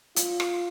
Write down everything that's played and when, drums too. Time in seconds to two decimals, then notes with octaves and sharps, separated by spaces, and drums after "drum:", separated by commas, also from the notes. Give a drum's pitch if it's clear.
0.16 F4, drum: hi-hat
0.40 drum: rim click